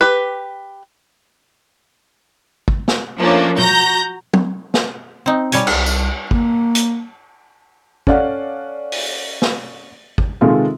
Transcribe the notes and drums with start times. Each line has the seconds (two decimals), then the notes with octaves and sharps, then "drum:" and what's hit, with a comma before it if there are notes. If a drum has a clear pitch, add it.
0.01 G4 B4
2.68 drum: kick
2.88 drum: snare
3.19 F3 A3 A#3 C#4 D4
3.58 F#4 A#5 G6 A#6, drum: tom
4.33 drum: tom
4.74 drum: snare
5.26 C4 D#4
5.52 B2 G3 C#5 G#5, drum: hi-hat
5.67 C2, drum: cymbal
5.86 drum: tambourine
6.31 A#3, drum: kick
6.75 drum: hi-hat
8.07 C#4 A4 D5 F5 F#5, drum: kick
8.92 drum: open hi-hat
9.42 drum: snare
10.18 drum: kick
10.41 C3 D#3 G#3 F4 A4